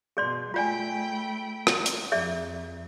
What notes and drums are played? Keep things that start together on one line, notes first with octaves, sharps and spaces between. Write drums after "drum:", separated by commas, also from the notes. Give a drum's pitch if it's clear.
B2 G#4 D5 C6
A3 F4 D5 G5 G#5 B5
drum: rim click
drum: hi-hat
F2 G#4 D5 E5